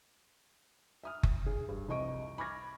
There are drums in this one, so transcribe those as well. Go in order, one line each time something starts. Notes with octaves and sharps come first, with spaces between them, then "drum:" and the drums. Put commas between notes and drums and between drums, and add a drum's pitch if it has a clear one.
E5 D#6 F6
drum: kick F#1
G#4
G2
C2 F2 D#5 C#6 D7
B5 C#6 D6 F6 G#6 A#6